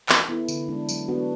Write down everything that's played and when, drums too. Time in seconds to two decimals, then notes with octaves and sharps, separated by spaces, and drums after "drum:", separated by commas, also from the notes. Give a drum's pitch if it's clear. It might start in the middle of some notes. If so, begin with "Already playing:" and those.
0.09 E3, drum: clap
0.29 B3 E4 A4
0.48 D3, drum: tambourine
0.68 G#3 B3 D4
0.89 F#3, drum: tambourine
1.08 B3 D4 F#4